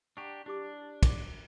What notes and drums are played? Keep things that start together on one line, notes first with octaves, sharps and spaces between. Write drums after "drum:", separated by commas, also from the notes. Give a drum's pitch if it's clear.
D4 G4 F#5 A#5 C#6
D4 E4 G4 D6
D6, drum: kick, cymbal